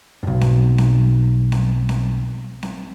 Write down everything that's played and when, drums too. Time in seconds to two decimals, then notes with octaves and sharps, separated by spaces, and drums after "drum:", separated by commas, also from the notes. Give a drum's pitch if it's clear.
0.23 B1 G2
0.41 drum: snare C4
0.78 drum: snare C4
1.52 drum: snare C4
1.89 drum: snare C4
2.63 drum: snare C4